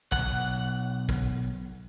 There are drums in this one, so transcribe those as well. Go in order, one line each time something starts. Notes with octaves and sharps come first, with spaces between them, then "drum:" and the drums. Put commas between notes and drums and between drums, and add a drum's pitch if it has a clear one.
B1 F#5, drum: kick
drum: kick